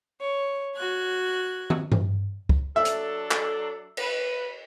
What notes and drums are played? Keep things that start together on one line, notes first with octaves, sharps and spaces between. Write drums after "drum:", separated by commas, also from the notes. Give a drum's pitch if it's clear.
C#5
F#4 F#6 G#6
drum: tom
drum: tom G2
drum: kick
F#3 D4 A4 E5
drum: hi-hat
drum: clap
B4, drum: cymbal